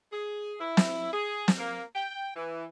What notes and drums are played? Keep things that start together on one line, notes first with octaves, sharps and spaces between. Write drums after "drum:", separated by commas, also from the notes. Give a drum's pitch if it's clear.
G#4
E4
drum: snare
G#4
drum: snare
A#3
G5
E3